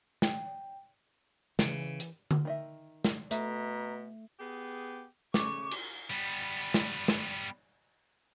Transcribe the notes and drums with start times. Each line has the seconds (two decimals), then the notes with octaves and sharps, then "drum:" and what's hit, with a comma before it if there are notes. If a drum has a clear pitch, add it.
0.22 G5, drum: snare
1.59 C#3 E3, drum: snare
1.79 drum: tambourine
2.00 drum: hi-hat
2.31 drum: tom D3
2.45 D#3 D#5 E5
3.05 drum: snare
3.31 B2 A3 E5 A#5, drum: hi-hat
4.39 B3 G4 G#4
5.34 C#3 A3 C#6 D6, drum: snare
5.71 drum: cymbal
6.10 G3 B3
6.74 drum: snare
7.08 drum: snare